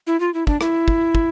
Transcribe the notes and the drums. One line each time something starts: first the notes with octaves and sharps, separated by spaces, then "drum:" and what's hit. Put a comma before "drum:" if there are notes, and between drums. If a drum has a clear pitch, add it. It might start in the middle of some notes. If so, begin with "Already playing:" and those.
E4
F4
E4
D4, drum: kick
E4, drum: rim click
drum: kick
drum: kick